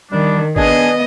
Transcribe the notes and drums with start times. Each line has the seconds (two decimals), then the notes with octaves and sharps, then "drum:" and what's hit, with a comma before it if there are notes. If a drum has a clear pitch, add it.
0.12 D#3 G3 D4
0.56 B3 D4 G#4 D#5, drum: kick G1